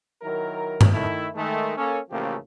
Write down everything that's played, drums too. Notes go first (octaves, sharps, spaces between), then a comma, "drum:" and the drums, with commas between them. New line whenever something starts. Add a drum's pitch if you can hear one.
D#3 F#3 E4 A#4
drum: tom G2
D#3 A3 E4
D#3 G#3 A3
A#3 C#4 A4
A1 C#3 F3 A3 A#3 G4